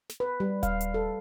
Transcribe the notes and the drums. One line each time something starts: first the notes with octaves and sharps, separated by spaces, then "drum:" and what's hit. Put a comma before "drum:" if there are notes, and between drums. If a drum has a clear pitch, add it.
drum: snare
B4
G3
F5, drum: kick D#1, hi-hat
drum: hi-hat
A4